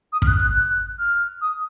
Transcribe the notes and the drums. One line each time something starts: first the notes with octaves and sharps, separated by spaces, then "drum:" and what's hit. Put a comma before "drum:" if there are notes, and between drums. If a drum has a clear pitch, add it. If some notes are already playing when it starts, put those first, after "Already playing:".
D#6
F6, drum: kick
F#6
F#6
F#6
F6
D#6